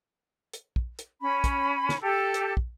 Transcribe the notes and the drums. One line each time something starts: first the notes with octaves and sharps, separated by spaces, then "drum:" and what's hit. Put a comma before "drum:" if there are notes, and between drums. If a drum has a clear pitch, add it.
drum: hi-hat
drum: kick
drum: hi-hat
C#4 B5
drum: kick, hi-hat
drum: snare
G4 A4
drum: hi-hat
drum: kick